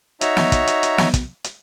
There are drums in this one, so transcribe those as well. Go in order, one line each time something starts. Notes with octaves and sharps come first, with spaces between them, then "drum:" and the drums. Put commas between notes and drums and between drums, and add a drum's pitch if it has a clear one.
D#4 F#4 C#5 E5 A#5, drum: hi-hat
drum: snare
drum: kick, hi-hat
drum: hi-hat
drum: hi-hat
drum: snare
drum: kick, hi-hat
drum: hi-hat